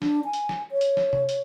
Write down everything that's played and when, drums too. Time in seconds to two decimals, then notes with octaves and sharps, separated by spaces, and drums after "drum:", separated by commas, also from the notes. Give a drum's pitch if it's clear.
0.02 D4, drum: snare
0.24 G#5
0.33 drum: hi-hat
0.49 drum: snare
0.71 C#5
0.81 drum: hi-hat
0.97 drum: snare
1.13 drum: tom C3
1.29 drum: hi-hat